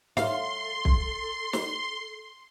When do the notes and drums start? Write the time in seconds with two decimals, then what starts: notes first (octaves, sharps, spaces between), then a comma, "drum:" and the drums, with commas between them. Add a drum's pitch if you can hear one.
0.17 A4 F5 C6, drum: snare
0.85 drum: kick
1.53 drum: snare